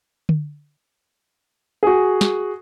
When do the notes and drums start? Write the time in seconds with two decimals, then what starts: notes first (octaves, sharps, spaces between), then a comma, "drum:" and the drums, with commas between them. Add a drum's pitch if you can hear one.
0.29 drum: tom D3
1.83 F#4 G#4
2.21 drum: snare